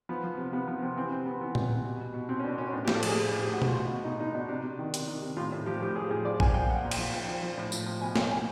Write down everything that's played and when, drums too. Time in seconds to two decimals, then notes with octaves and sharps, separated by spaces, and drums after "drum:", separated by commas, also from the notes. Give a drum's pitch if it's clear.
0.09 F3 B3
0.24 F3
0.38 C3
0.52 C3 B3
0.68 F3 B3
0.82 C3 C4
0.96 E3 C4
1.11 C3 C4
1.26 C3 B3
1.41 E3 B3
1.55 C3, drum: tom A#2
1.70 C3
1.85 B2
2.00 B2
2.14 B2
2.29 B2 C4
2.40 C#4
2.44 B2 D4
2.58 B2 C#4
2.73 A2 D4
2.85 G4
2.88 F3, drum: snare
2.94 A4
3.03 A2 G#4, drum: cymbal
3.16 A2 G4
3.31 A2
3.39 G4
3.47 A2
3.53 F#4
3.62 B2, drum: tom B2
3.67 F4
3.76 B2 F#4
3.91 B2
4.05 B2 D#4
4.20 B2 D#4
4.34 B2 D4
4.49 C3 D4
4.63 C3
4.79 D#3
4.94 C3, drum: hi-hat
5.07 D#3
5.22 C3
5.37 A2 F4
5.52 A2
5.66 F3 G4
5.81 A2 G4
5.96 A2 G#4
6.11 F3 G#4
6.25 F3 D5
6.40 F3 G#5, drum: kick
6.54 A#2 G5
6.62 F5
6.70 A#2 F#5
6.85 A#2
6.91 G5, drum: cymbal
6.98 F3
7.14 F3 G5
7.28 F3
7.43 F3
7.58 A2
7.72 F3, drum: tambourine
7.86 F3
8.01 B2 G#5
8.16 B2 G5, drum: snare
8.30 B2 G#5